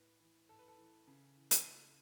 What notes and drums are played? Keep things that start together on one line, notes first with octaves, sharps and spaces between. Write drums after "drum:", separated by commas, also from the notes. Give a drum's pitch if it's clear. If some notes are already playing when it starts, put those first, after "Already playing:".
Already playing: A2 B4
E3
A2 A4
B4
A4
E3
C#3
E3
drum: hi-hat
C#3